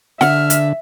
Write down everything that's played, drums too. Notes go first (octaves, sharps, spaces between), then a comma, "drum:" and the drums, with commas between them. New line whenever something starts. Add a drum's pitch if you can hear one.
D3 E5 F#5 F6, drum: snare
drum: hi-hat